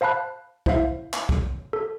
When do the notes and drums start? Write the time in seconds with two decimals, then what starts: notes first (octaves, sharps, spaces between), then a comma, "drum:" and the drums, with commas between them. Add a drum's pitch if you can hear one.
0.01 C5 F5 A5 B5 F#6
0.66 E4 C5 E5 F5, drum: kick
1.13 drum: clap
1.29 drum: kick
1.73 A4